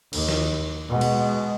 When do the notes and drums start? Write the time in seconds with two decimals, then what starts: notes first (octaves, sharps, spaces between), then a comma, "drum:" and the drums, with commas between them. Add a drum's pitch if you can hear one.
0.13 D#2, drum: cymbal
0.28 drum: snare
0.89 B2 G#3
1.01 drum: cymbal